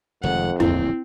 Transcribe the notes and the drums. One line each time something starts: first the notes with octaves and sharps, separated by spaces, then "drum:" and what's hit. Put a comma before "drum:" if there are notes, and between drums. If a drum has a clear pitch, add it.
F1 F2 D#3 G#3 F#5
D1 A#1 E2 C4 E4, drum: tom E2